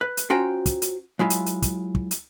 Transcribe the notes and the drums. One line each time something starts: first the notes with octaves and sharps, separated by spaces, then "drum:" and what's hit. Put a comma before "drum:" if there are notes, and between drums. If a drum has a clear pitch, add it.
B4
drum: hi-hat
C#4 F4 F#4 C5 G5 A#5
drum: kick, hi-hat
drum: hi-hat
F#3 G#3 E4 F4
drum: hi-hat
drum: hi-hat
drum: kick, hi-hat
drum: kick
drum: hi-hat